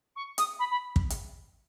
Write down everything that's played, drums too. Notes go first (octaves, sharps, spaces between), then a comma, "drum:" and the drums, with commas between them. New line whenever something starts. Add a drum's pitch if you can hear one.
C#6
D#6, drum: hi-hat
B5
B5
drum: kick
drum: hi-hat